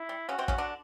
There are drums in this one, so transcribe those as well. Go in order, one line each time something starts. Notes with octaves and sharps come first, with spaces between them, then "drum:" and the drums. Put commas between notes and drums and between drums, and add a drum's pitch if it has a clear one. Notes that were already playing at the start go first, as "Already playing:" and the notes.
Already playing: E4
G3
C#3 C#4 F#4
C3 C4
C#3 C#4, drum: kick
D3 D4